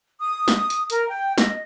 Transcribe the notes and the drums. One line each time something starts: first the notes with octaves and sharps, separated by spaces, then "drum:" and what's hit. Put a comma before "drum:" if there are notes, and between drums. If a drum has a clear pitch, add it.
D#6
drum: snare
drum: hi-hat
A#4, drum: hi-hat
G5
D#5, drum: snare